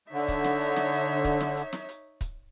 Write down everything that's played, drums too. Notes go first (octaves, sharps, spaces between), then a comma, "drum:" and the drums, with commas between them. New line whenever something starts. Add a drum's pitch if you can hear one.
D3 D#4 C#5 E5
drum: kick C#1, hi-hat
drum: snare
drum: hi-hat
drum: snare
drum: hi-hat
drum: kick C#1, hi-hat
drum: snare
drum: hi-hat
drum: snare
drum: hi-hat
drum: kick C#1, hi-hat